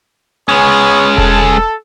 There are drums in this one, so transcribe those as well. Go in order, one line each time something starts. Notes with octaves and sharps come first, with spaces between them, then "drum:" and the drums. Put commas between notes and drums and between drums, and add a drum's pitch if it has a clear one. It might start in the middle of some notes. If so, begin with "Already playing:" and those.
G#3 B3 C#4 G#4 C#5
A4, drum: kick E1